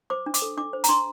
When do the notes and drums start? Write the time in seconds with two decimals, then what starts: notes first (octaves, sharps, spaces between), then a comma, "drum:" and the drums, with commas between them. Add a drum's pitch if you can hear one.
0.10 C5 D6
0.26 D4
0.34 D6, drum: hi-hat
0.42 A4
0.57 D4 D6
0.73 C5
0.84 A#5, drum: hi-hat
0.89 D4 C6